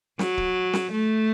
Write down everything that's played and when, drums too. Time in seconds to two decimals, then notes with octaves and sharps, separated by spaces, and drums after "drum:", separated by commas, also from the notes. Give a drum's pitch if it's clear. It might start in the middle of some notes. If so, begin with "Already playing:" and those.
0.19 F#3, drum: snare
0.38 drum: kick C#1
0.73 drum: snare
0.92 A3